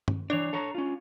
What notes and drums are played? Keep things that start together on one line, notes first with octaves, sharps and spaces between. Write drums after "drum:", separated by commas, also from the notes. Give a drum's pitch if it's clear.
drum: tom G2
E3 D4 C#5 D5 F7
A4 C#5 A#5
C#4 F4